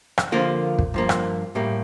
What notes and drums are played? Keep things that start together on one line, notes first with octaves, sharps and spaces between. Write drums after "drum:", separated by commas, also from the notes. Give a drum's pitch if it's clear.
drum: rim click
D3 F3 A#3 F4 A#4
drum: kick
G2 F3 A#3
drum: rim click
A2 G3 A#3